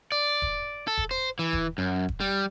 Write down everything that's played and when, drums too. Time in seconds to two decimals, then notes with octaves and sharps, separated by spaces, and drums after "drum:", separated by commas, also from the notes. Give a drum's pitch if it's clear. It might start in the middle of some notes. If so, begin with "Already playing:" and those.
0.12 D5
0.42 drum: kick D#1
0.88 A4
0.98 drum: kick D#1
1.11 C5
1.39 E3
1.53 drum: kick D#1
1.78 F#2
2.08 drum: kick D#1
2.20 G3